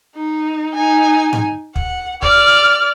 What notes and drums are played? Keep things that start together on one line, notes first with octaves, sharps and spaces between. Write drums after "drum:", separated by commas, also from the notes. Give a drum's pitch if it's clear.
D#4
D#4 G#5
drum: tom G#2
F#5, drum: kick
D5 F6, drum: kick